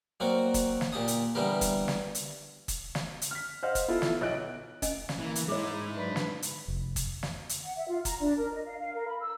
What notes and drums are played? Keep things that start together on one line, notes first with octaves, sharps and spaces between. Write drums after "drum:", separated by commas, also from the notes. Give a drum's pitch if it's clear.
F#3 A#3 C4 F#4 D5 F#5
drum: kick, hi-hat
drum: snare
A#2 G4 A5 D#6
drum: hi-hat
D3 E3 G3 B3 G4 A#4
drum: kick, hi-hat
drum: snare
drum: hi-hat
drum: kick, hi-hat
drum: snare
drum: hi-hat
F6 B6
C5 D#5 F5 F#5 F6
drum: kick, hi-hat
B3 E4 F4 A4
drum: snare
B1 D#5 F#6 D7
C#4 D#5 G#5, drum: kick, hi-hat
drum: snare
E3 A#3
drum: hi-hat
G#3 D#4 E4 G#4 C#5
F#3 D4 B4
drum: snare
drum: hi-hat
F1
drum: kick, hi-hat
drum: snare
drum: hi-hat
F#5
E5
F4
A#5, drum: kick, hi-hat
D4
A#4
D#5
F5
F5
A#4
B5
E6